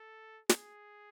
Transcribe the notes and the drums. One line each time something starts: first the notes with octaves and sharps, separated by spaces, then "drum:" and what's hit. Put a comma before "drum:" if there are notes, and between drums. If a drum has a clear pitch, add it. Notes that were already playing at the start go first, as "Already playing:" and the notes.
Already playing: A4
G#4, drum: snare